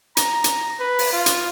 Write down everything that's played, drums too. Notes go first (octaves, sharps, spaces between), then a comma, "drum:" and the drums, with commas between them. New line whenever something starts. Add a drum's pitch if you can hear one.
A#5, drum: hi-hat
drum: hi-hat
B4
drum: open hi-hat
F4
drum: hi-hat